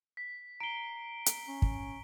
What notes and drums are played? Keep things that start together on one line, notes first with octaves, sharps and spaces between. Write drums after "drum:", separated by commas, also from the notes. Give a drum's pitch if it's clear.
B6
A#5 C7 D7 G7
drum: hi-hat
C#4
drum: kick